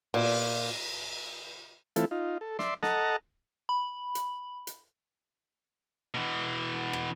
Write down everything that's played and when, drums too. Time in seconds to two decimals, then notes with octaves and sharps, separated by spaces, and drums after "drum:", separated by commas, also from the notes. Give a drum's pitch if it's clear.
0.14 A#2, drum: cymbal
1.96 E3 A3 C4 E4 F4 A4, drum: hi-hat
2.11 D#4 F4
2.41 A4
2.59 D5 E5 C6, drum: snare
2.83 A4 D#5 F#5 A5 A#5, drum: snare
3.69 B5
4.15 drum: hi-hat
4.67 drum: hi-hat
6.14 B2 E3
6.93 drum: rim click